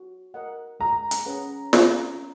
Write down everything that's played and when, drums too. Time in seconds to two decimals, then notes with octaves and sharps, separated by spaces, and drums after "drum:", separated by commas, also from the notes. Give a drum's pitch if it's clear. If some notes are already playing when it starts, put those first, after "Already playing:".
Already playing: F#4
0.34 A#4 D#5 F#5
0.80 G#3 A#5
1.11 drum: hi-hat
1.26 C#4 G#4 B4 F#5
1.73 C#4, drum: snare